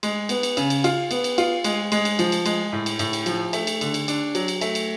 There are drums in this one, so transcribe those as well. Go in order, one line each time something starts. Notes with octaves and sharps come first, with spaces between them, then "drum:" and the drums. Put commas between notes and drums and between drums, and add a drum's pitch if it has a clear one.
G#3, drum: cymbal
B3, drum: cymbal
drum: cymbal
C#3, drum: cymbal
drum: cymbal
F4, drum: cymbal
B3, drum: cymbal
drum: cymbal
F4, drum: cymbal
G#3, drum: cymbal
G#3, drum: cymbal
drum: cymbal
F3, drum: cymbal
drum: cymbal
G#3, drum: cymbal
A2
drum: cymbal
A2, drum: cymbal
drum: cymbal
F3, drum: cymbal
A3, drum: cymbal
drum: cymbal
D3, drum: cymbal
drum: cymbal
D4, drum: cymbal
F#3, drum: cymbal
drum: cymbal
A3, drum: cymbal
drum: cymbal